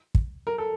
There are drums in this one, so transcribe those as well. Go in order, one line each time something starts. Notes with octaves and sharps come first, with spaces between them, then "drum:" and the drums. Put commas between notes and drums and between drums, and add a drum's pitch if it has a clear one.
drum: kick
A#4
A4